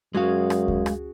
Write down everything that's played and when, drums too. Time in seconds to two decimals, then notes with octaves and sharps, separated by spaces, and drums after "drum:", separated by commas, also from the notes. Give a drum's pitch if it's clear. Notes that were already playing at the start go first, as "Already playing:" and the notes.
0.14 F#2 G#3 C#4 F#4 G#4 F5
0.50 drum: rim click
0.68 drum: kick D2
0.86 drum: rim click